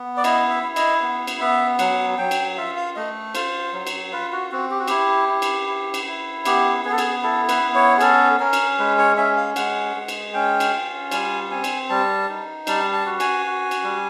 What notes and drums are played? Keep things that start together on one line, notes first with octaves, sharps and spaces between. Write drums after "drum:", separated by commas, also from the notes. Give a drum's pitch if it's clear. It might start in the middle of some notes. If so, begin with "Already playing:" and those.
Already playing: B3
D5
E4 D#5, drum: cymbal
E5
E4
D#5, drum: cymbal
B3
drum: cymbal
B3 E5
F#3 F#5, drum: cymbal
F#3 G5
drum: cymbal
F4 E5
F5
A3 D#5
F4 C5, drum: cymbal
F#3
drum: cymbal
F4 B4
F#4
C4 F#4
G4
F#4
E4 G4, drum: cymbal
E4
drum: cymbal
E4
drum: cymbal
E4
B3 G4, drum: cymbal
B3 G#4
A4
G#4, drum: cymbal
E4 A4
B4, drum: cymbal
B3
C#5
G#4
C#4 A4, drum: cymbal
C#4 A#4
drum: cymbal
G#3 B4
C#5
C#4 E5
F5
G#3 F#5, drum: cymbal
G#3
drum: cymbal
C#4 G5
drum: cymbal
F4
G3 G#5, drum: cymbal
C4 G#5
drum: cymbal
G3 A5
D#4
G3 A5, drum: cymbal
A5
F#4
G#5, drum: cymbal
F#4
drum: cymbal
G3